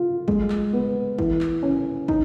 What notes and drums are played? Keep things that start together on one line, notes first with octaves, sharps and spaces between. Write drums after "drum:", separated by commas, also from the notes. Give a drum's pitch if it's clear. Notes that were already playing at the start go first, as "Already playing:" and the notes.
Already playing: F4
G#3, drum: kick
drum: clap
B3
E3, drum: kick
drum: clap
C#4
D#4, drum: kick